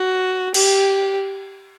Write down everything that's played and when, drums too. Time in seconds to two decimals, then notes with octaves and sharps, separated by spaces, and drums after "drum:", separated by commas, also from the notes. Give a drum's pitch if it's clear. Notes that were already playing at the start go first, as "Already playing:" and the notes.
Already playing: F#4
0.54 G4, drum: cymbal